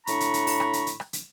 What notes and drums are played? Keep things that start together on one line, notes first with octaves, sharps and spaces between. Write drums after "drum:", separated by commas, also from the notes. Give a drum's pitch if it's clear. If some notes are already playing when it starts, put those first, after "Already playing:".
A2 D4 A#5 B5 C#6, drum: hi-hat
drum: hi-hat
drum: hi-hat
drum: open hi-hat
drum: rim click
drum: hi-hat
drum: hi-hat
drum: rim click
drum: hi-hat